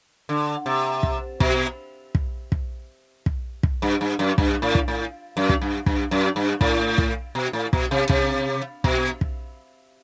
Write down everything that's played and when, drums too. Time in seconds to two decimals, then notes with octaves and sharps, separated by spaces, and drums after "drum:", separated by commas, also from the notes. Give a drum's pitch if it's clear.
0.29 D3
0.66 C3
1.03 drum: kick
1.40 B2, drum: kick
2.15 drum: kick
2.52 drum: kick
3.26 drum: kick
3.63 drum: kick
3.82 G2
4.01 G2
4.19 F#2
4.38 G2, drum: kick
4.62 A2
4.75 drum: kick
4.88 A2
5.37 F#2
5.49 drum: kick
5.62 G2
5.86 G2, drum: kick
6.11 F#2
6.36 G2
6.61 A2, drum: kick
6.98 drum: kick
7.35 B2
7.53 A2
7.73 B2, drum: kick
7.91 C3
8.09 C3, drum: kick
8.84 B2, drum: kick
9.21 drum: kick